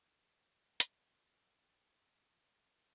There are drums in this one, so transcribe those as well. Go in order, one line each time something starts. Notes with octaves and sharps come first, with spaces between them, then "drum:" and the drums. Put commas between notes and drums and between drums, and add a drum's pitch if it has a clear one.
G4 A4, drum: hi-hat
G5
A#4 A#5